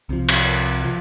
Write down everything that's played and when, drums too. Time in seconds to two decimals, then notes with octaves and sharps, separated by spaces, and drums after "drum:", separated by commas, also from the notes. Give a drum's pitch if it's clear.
0.09 C2 C3 F3
0.29 drum: cymbal
0.84 F3